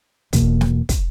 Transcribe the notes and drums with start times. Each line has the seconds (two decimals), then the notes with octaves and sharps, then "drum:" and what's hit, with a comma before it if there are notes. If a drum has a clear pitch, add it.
0.33 E2 B2 A#3, drum: kick, hi-hat
0.61 drum: snare
0.89 drum: kick, hi-hat